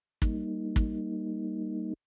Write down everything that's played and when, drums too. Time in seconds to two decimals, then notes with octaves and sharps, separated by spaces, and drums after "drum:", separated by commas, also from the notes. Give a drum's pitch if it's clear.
0.22 G3 A#3 D#4, drum: kick
0.76 drum: kick